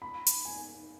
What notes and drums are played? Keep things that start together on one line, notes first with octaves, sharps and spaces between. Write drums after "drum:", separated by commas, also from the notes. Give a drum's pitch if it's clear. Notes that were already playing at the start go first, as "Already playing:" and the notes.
B5
drum: hi-hat
G#5